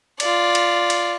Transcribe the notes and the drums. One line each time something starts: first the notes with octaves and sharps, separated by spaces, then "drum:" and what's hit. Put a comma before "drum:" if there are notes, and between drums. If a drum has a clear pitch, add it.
F4 D5, drum: cymbal
drum: cymbal
drum: cymbal